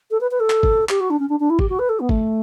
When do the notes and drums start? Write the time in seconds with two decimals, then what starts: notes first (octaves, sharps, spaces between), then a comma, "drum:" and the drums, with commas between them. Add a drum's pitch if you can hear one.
0.10 A4
0.20 B4
0.31 B4
0.39 A4
0.50 drum: clap
0.63 drum: kick
0.89 G4, drum: clap
1.00 F#4
1.10 D4
1.19 C#4
1.29 D4
1.40 D4
1.49 E4
1.59 G4, drum: kick
1.69 F#4
1.79 B4
1.89 A4
1.99 B3
2.09 A3, drum: kick